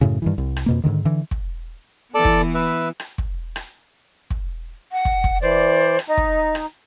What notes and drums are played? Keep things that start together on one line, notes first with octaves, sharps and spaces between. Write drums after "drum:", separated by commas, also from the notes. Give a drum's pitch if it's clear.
F#2 A2 C#3
G2 D#3 E3
C2
drum: rim click
F2 B2 A#3
G#2 B2 D3 D#3
D3 E3
drum: kick
E3 B3 A4 D5 A5
drum: kick
B4 E5
drum: rim click
drum: kick
drum: rim click
drum: kick
F#5
drum: kick
drum: kick
E3 C5 D5
drum: rim click
D#4 D#5
drum: kick
drum: rim click